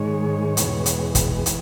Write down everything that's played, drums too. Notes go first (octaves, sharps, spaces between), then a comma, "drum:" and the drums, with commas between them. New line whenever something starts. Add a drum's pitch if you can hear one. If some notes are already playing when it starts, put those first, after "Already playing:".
Already playing: G#2 D#3 G#3 C#5
E2 B2 G#3, drum: hi-hat
drum: hi-hat
drum: kick, hi-hat
E3, drum: hi-hat